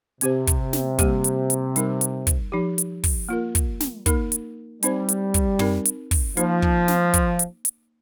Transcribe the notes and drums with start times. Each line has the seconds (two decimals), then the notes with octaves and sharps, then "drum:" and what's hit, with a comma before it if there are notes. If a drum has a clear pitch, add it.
0.21 C3 C4 G4 C5, drum: hi-hat
0.47 drum: kick, hi-hat
0.73 drum: snare
0.99 G3 A#3 G4, drum: kick, hi-hat
1.24 drum: hi-hat
1.50 drum: hi-hat
1.76 G3 D#4 A#4, drum: hi-hat
2.01 drum: hi-hat
2.27 drum: kick, hi-hat
2.52 F3 D#4 G4
2.78 drum: hi-hat
3.04 drum: kick, open hi-hat
3.29 A#3 F4 A#4
3.55 drum: kick, hi-hat
3.80 drum: snare
4.06 A#3 D#4 A#4, drum: kick, hi-hat
4.32 drum: hi-hat
4.83 G3 C4 D#4 C5, drum: hi-hat
5.09 drum: hi-hat
5.34 drum: kick, hi-hat
5.59 C4 D#4 A#4, drum: tom
5.85 drum: hi-hat
6.11 drum: kick, open hi-hat
6.37 F3 A#3 D#4 C5, drum: hi-hat
6.62 drum: kick
6.88 drum: snare
7.14 drum: kick, hi-hat
7.39 drum: hi-hat
7.65 drum: hi-hat